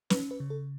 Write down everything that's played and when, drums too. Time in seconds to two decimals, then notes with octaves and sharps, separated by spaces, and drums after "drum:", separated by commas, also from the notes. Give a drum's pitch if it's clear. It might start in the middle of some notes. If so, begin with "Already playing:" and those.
0.10 C#4 B4, drum: snare
0.31 B4
0.40 C#3
0.50 A4